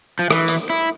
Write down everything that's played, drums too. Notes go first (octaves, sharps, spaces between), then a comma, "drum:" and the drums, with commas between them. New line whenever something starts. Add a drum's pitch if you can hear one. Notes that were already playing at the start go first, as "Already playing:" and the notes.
F3
E3, drum: rim click
drum: hi-hat
E4